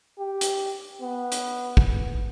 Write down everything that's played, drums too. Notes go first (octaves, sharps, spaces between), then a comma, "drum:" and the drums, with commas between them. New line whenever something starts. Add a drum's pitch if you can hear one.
G4
drum: hi-hat
B3
drum: hi-hat
drum: kick